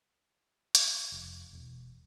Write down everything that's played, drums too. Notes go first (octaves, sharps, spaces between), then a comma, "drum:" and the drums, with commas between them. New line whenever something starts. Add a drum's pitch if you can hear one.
drum: hi-hat
F1
E1